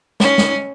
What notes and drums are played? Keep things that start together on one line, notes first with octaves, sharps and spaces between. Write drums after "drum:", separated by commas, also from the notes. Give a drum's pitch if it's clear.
C#4, drum: snare
drum: snare